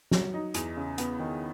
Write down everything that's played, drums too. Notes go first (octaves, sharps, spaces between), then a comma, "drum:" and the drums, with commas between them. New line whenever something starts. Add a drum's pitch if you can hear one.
F#3, drum: snare
D#4
E2, drum: hi-hat
C#3
B3, drum: hi-hat
D#3